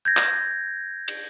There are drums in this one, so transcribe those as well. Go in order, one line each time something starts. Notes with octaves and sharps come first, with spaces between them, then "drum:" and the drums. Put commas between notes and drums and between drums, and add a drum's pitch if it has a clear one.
G6 G#6 A#6
drum: clap
drum: cymbal